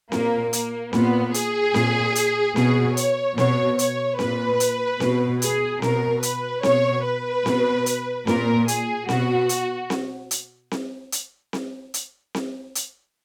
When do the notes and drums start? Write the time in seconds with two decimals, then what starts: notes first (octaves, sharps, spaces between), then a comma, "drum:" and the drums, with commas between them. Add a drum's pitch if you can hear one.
0.12 A#2 A#3, drum: snare C4
0.53 A#3, drum: hi-hat
0.93 A#2 B3, drum: snare C4
1.34 G#4, drum: hi-hat
1.74 A#2, drum: snare C4
2.15 drum: hi-hat
2.56 B2 G#4, drum: snare C4
2.97 C#5, drum: hi-hat
3.38 B2 C#5, drum: snare C4
3.79 C#5, drum: hi-hat
4.19 A#2 B4, drum: snare C4
4.60 drum: hi-hat
5.00 B2, drum: snare C4
5.42 G#4, drum: hi-hat
5.82 B2 A#4, drum: snare C4
6.23 B4, drum: hi-hat
6.63 B2 C#5, drum: snare C4
7.04 B4
7.46 B2, drum: snare C4
7.86 drum: hi-hat
8.27 A#2 A#4, drum: snare C4
8.68 G#4, drum: hi-hat
9.09 B2 F#4, drum: snare C4
9.49 drum: hi-hat
9.90 drum: snare C4
10.31 drum: hi-hat
10.71 drum: snare C4
11.12 drum: hi-hat
11.53 drum: snare C4
11.94 drum: hi-hat
12.35 drum: snare C4
12.75 drum: hi-hat